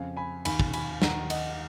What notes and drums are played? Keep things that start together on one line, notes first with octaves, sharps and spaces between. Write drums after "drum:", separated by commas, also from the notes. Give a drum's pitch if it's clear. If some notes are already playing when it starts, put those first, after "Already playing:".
Already playing: F2 C#3 F5 G#5
G#5 B5
D#2 D#3 G#5 B5, drum: cymbal
drum: kick
G#5 B5, drum: cymbal
D#2 D#3 F#5 A#5, drum: snare
D#5 F#5, drum: cymbal